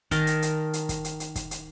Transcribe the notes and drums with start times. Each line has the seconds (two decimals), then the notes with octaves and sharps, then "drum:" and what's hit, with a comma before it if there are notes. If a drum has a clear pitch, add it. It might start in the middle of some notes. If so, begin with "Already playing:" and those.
0.11 D#3 A#4 D#5 A5, drum: kick, hi-hat
0.27 drum: hi-hat
0.42 drum: hi-hat
0.73 drum: hi-hat
0.89 drum: kick, hi-hat
1.04 drum: hi-hat
1.20 drum: hi-hat
1.36 drum: kick, hi-hat
1.51 drum: hi-hat